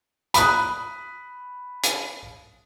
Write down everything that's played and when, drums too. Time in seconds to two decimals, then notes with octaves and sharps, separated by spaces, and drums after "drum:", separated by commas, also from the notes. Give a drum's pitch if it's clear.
0.34 B5 D#6 F#6, drum: hi-hat
1.83 drum: hi-hat